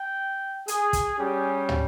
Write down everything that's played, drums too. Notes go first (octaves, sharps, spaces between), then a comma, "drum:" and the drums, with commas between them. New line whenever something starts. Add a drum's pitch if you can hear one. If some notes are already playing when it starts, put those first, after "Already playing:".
Already playing: G5
G#4, drum: hi-hat
drum: kick, hi-hat
G3 C#4 G4 G#4
drum: tom